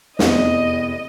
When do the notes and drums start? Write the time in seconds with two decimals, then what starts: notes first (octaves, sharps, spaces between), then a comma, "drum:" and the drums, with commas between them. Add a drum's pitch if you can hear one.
0.19 F1 E2 C3 D#5, drum: snare